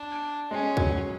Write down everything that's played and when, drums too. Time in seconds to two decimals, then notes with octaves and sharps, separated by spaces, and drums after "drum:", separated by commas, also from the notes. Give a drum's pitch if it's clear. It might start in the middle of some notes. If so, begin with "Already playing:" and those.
Already playing: D4
0.51 G#3 C#4
0.77 F#3, drum: kick